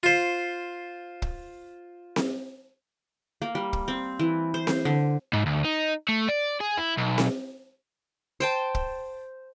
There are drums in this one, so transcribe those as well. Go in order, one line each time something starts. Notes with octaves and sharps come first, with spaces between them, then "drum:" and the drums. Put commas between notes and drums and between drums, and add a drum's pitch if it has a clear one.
F4 C5
drum: kick
drum: snare C4
A#3
G3
drum: kick
C4
E3
C5
drum: snare C4
D3
G#2
D2
D#4
A3
D5
G#4
E4
B1
drum: snare C4
C5 G5 A5
drum: kick